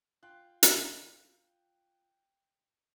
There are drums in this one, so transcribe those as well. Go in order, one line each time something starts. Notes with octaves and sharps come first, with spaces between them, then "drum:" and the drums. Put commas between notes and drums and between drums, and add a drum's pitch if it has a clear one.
F4 G5 F#6
drum: hi-hat